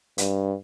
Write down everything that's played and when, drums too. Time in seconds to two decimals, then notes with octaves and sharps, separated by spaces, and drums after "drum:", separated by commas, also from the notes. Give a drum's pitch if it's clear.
0.18 G2, drum: hi-hat